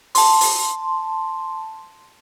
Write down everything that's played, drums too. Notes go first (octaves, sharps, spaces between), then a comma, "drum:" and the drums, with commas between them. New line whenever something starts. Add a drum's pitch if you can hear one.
A5 C6, drum: open hi-hat
drum: open hi-hat